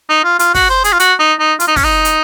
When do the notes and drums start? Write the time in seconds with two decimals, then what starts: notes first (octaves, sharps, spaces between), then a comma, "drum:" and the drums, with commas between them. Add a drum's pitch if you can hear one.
0.09 D#4
0.24 F4
0.39 F4, drum: hi-hat
0.54 F#4, drum: kick, open hi-hat
0.69 C5
0.84 G#4, drum: hi-hat
0.93 F4
1.00 F#4, drum: hi-hat
1.19 D#4
1.40 D#4
1.60 F4, drum: hi-hat
1.68 D#4
1.76 C#4, drum: kick, open hi-hat
1.84 D#4
2.05 drum: hi-hat